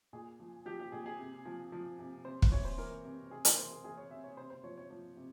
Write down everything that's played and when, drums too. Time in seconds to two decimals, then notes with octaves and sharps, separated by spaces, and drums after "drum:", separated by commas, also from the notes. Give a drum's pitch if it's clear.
0.13 A#2 G#4
0.39 F3
0.65 F3 G4
0.79 G4
0.92 A#2 G#4
1.06 G#4
1.19 C3
1.45 F3
1.72 F3
1.99 C3
2.25 C3 C5
2.42 drum: kick
2.52 E3 C#5
2.65 C5
2.78 E3 A#4
3.05 C3
3.31 C3 G#4
3.45 A#4, drum: hi-hat
3.57 E3 C5
3.71 G#4
3.84 E3 G#4
3.97 C#5
4.10 C3 E5
4.24 C#5
4.37 C3 C5
4.50 C5
4.64 F3 C#5
4.77 C#5
4.90 F3
5.17 C3